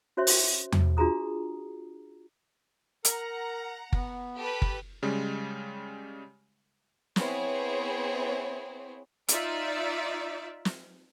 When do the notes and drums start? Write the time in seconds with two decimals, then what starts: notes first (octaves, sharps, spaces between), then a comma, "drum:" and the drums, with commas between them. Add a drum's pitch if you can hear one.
0.17 C#4 F#4 C5 C#5 E5 C6
0.27 drum: open hi-hat
0.72 drum: tom E2
0.97 D4 F4 F#4 G#4 A#5 D#6
3.05 A#4 F#5 A#5, drum: hi-hat
3.93 B3, drum: kick
4.37 G4 A4 B4
4.62 drum: kick
5.03 C#3 G3 G#3
7.16 B3 C4 E4 G#4 C5 C#5, drum: snare
9.28 D#4 F4 D5 E5, drum: hi-hat
10.65 drum: snare